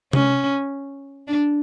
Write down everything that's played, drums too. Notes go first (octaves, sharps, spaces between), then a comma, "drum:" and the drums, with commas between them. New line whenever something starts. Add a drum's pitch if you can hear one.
C#4, drum: tom C3
D4